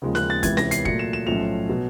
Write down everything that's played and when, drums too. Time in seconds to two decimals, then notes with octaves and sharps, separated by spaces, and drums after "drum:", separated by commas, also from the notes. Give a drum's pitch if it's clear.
0.02 D#2 C#3 F3 G#3
0.15 F#6, drum: snare
0.30 A6
0.43 C#2 C3 E3 G#6, drum: kick, hi-hat
0.57 A#6, drum: snare
0.71 C7, drum: hi-hat
0.85 A#2 F#3 A3 C#7, drum: kick
0.99 E7
1.13 E7
1.27 B1 A2 F3 A3 C#4 F7
1.69 B2 F#3